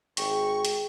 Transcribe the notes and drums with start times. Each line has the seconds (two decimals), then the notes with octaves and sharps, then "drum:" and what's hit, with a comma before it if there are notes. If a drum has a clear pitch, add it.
0.17 G#1 G#4 G5 C#6 A#6, drum: hi-hat
0.65 drum: hi-hat